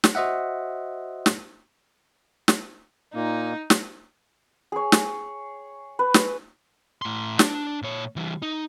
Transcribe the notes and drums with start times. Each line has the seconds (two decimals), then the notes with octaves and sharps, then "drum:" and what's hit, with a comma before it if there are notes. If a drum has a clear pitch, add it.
0.04 drum: snare
0.15 F#4 C5 D#5 E5 F#5
1.26 drum: snare
2.48 drum: snare
3.14 A#2 A#3 D#4
3.70 drum: snare
4.72 G#4 C#5
4.92 drum: snare
5.99 B4
6.14 drum: snare
7.02 A2 C6
7.39 D4, drum: snare
7.82 A#2 C#5
8.16 E3 G3
8.42 D#4